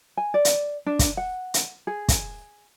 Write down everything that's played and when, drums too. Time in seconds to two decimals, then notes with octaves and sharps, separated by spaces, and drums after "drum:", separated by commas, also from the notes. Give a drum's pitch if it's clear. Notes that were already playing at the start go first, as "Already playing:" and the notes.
0.17 G#5
0.34 D5
0.45 drum: hi-hat
0.86 D4
0.99 drum: kick, hi-hat
1.17 F#5
1.54 drum: hi-hat
1.87 G#4
2.09 drum: kick, hi-hat